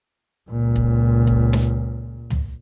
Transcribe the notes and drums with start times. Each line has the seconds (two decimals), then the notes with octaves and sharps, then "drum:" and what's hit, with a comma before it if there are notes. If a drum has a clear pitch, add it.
0.50 C#2 A#2
0.76 drum: kick
1.27 drum: kick
1.53 drum: snare
2.30 drum: tom